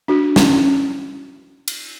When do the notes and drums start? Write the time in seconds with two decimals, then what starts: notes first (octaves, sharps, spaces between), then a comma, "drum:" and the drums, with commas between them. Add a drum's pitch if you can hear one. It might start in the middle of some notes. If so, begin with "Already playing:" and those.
0.08 D4 F#4
0.36 C#4 E4, drum: snare
0.50 C#4
0.64 C#4
1.68 drum: cymbal